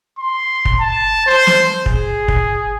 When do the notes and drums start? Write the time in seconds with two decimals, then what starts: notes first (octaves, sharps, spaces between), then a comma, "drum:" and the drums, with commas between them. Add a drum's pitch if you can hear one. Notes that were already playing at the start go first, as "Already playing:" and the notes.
0.19 C6
0.65 drum: kick
0.80 A5
1.26 C5
1.47 drum: snare
1.86 G#4, drum: kick
2.28 drum: kick